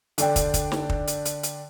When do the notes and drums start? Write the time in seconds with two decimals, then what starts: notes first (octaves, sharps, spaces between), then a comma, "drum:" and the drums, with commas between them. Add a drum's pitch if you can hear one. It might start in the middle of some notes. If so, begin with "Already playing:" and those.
0.18 D3 D4 G5, drum: hi-hat
0.36 drum: kick, hi-hat
0.54 drum: kick, hi-hat
0.72 drum: snare
0.89 drum: kick
1.07 drum: hi-hat
1.25 drum: hi-hat
1.43 drum: hi-hat